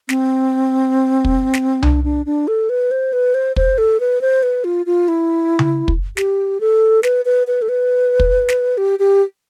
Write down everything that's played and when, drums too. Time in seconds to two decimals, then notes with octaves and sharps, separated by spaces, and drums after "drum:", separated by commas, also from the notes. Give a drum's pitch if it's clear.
0.09 C4, drum: snare
1.25 drum: kick
1.53 drum: snare
1.82 D4, drum: tom C2
2.04 D4
2.26 D4
2.48 A4
2.69 B4
2.91 C5
3.13 B4
3.34 C5
3.56 C5, drum: kick
3.78 A4
4.00 B4
4.21 C5
4.43 B4
4.64 F4
4.86 F4
5.08 E4
5.59 drum: tom C#3
5.88 drum: kick
6.17 G4, drum: snare
6.60 A4
7.03 B4, drum: snare
7.25 B4
7.47 B4
7.62 A4
7.69 B4
8.20 drum: kick
8.48 drum: snare
8.78 G4
8.99 G4